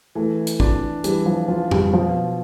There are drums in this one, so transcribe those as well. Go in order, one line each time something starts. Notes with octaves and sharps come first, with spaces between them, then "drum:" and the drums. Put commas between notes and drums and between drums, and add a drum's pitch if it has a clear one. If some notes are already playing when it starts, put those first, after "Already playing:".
E3 A3
drum: hi-hat
D4, drum: kick
E3 G3, drum: hi-hat
F3
F3 F4
G3, drum: tom F2
B2 F3